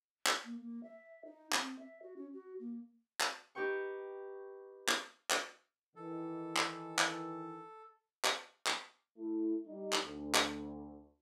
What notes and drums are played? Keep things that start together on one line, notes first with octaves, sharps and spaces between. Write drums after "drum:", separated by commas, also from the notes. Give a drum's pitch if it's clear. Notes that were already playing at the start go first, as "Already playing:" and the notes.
drum: clap
A#3
A#3
E5
D#4
C4, drum: clap
E5
F#4
C#4
F#4
A#3
drum: clap
D#4 G4 B4 G5 C#6
drum: clap
drum: clap
D#3 E3 A4
drum: clap
drum: clap
drum: clap
drum: clap
A3 E4
G3 D#4
drum: clap
D2
drum: clap